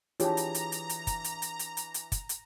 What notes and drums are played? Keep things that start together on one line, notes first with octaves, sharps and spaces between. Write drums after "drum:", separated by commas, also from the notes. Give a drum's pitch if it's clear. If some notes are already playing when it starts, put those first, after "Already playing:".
E3 D4 F4 G4 G#4 C#5 A5 A#5, drum: hi-hat
drum: hi-hat
drum: hi-hat
drum: hi-hat
drum: hi-hat
drum: kick, hi-hat
drum: hi-hat
drum: hi-hat
drum: hi-hat
drum: hi-hat
drum: hi-hat
drum: kick, hi-hat
drum: hi-hat